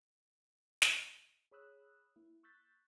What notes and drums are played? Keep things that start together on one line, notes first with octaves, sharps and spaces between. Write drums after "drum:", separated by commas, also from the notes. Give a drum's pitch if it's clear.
drum: snare
G#4 C#5 B5 D#6 E6 F#6
A#3 E4
C#6 E6 F#6 G6 A6 B6